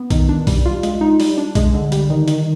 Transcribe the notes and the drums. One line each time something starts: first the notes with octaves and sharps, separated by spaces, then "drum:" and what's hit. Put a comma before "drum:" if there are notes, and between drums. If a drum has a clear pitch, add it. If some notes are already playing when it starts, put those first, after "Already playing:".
Already playing: B3
D#3, drum: kick B1, hi-hat
D4
G3, drum: kick B1, open hi-hat
F4
G#3, drum: hi-hat
D#4
G3, drum: open hi-hat
D4
G#3, drum: kick B1, hi-hat
D3
G3, drum: hi-hat
D#3
D#3, drum: hi-hat